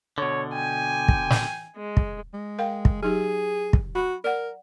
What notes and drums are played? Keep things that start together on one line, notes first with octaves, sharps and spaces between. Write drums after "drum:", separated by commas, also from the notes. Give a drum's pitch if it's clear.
B2 D3 C#5
G5 G#5
drum: kick
drum: snare
G#3
drum: kick
G#3
A#4 F5 G5
drum: kick
F#3 D#4 G4 G#4
drum: kick
F#4 B5
A#4 D5 F#5